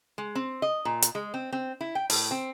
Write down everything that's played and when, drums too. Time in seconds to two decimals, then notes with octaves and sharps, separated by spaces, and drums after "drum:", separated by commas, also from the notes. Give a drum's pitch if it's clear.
0.18 G#3
0.35 C4
0.62 D#5
0.85 A#2
1.02 drum: hi-hat
1.15 G#3
1.34 C4
1.53 C4
1.81 E4
1.95 G5
2.10 A2, drum: open hi-hat
2.31 C4